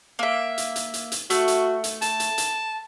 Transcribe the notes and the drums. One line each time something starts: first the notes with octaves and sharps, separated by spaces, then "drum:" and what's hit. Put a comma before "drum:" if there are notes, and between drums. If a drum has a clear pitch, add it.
A#3 E5
drum: hi-hat
drum: hi-hat
drum: hi-hat
drum: hi-hat
A3 F#4, drum: hi-hat
drum: hi-hat
drum: hi-hat
A5, drum: hi-hat
drum: hi-hat
drum: hi-hat